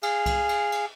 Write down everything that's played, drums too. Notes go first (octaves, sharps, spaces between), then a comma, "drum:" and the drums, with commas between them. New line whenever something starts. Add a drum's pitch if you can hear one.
G#4 F5, drum: cymbal
drum: kick C2, cymbal
drum: cymbal
drum: cymbal